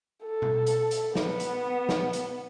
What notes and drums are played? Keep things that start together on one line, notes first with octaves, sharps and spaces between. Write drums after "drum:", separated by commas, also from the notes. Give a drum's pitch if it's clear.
A4
drum: tom B2
drum: hi-hat
drum: hi-hat
B3, drum: snare
drum: hi-hat
drum: snare
drum: hi-hat